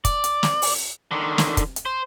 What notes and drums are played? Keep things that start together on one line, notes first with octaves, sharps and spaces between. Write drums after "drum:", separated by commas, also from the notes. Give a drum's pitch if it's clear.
D5, drum: kick, hi-hat
drum: hi-hat
drum: snare
drum: open hi-hat
D3 D#3
drum: snare
drum: kick, hi-hat
drum: hi-hat
C5